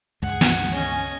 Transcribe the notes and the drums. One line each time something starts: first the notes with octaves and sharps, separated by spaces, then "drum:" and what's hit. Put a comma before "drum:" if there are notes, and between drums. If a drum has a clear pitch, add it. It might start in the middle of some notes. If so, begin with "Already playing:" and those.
C#2 G2 G#3 G#4 F#5
drum: snare
C#4 D#5 G#5